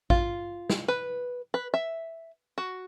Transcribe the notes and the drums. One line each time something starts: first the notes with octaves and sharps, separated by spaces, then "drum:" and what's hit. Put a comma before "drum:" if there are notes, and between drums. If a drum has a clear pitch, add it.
F4, drum: kick A1
drum: snare
B4
B4
E5
F#4